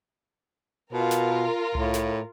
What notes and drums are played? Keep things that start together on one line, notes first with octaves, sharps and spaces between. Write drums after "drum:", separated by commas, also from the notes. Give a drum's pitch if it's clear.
B2 F4 A#4
drum: snare
A2, drum: tom C2
drum: snare